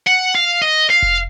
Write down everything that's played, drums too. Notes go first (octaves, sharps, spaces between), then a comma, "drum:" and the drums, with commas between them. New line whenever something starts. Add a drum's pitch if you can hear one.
F#5
F5
D#5
F5
drum: kick F1